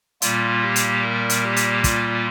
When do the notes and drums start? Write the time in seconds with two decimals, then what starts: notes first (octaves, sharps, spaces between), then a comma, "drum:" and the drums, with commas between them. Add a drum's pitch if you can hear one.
0.22 A#2 G3 A#3 F4, drum: hi-hat
0.63 G4
0.76 drum: hi-hat
1.02 A#4
1.30 drum: hi-hat
1.43 G4
1.56 drum: hi-hat
1.84 F4, drum: kick, hi-hat